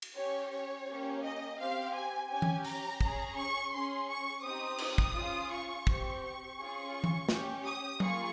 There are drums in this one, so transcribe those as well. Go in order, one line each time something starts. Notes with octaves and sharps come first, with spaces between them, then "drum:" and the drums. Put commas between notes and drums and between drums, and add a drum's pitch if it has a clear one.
drum: cymbal
C#4 G4 C#5
C#5
A#3 C#4 G4
D#5
C4 G4 F5
G#5
C#4 G4 G#5
drum: tom E3
A#5, drum: open hi-hat
C#4 G#4, drum: kick
C#6
C#4 G#4 C6
C#6
C4 D#4 G4 D#6
drum: cymbal
drum: kick
C#4 F4 G#4
C#6
C4 G4, drum: kick
C#6
C#4 F4 G#4
drum: tom E3
C#4 G4, drum: snare
D#6
A#3 F4 G#4 C#6, drum: tom F#3